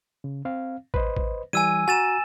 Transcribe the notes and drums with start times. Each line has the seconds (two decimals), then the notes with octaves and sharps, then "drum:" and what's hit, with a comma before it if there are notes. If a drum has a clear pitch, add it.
0.24 C#3
0.45 C4 F5
0.94 B4 C5 D#5, drum: kick
1.17 drum: kick
1.53 E3 G3 G#5 E6 G#6 D#7
1.88 F#4 G#5 A#5 A6 E7